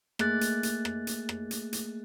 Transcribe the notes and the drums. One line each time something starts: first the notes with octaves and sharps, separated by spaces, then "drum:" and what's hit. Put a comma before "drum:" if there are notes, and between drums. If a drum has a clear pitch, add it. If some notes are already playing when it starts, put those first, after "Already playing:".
A3 A#3 G#4 F#6 A6, drum: rim click
drum: hi-hat
drum: hi-hat
drum: rim click
drum: hi-hat
drum: rim click
drum: hi-hat
drum: hi-hat